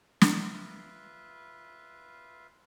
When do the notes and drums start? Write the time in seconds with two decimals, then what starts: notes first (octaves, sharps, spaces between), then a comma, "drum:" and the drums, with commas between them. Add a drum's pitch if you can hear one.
0.21 F4 B4 E5, drum: snare